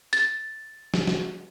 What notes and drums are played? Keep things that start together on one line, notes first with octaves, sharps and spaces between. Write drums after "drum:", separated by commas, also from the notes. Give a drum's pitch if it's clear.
A6, drum: hi-hat
drum: snare
drum: snare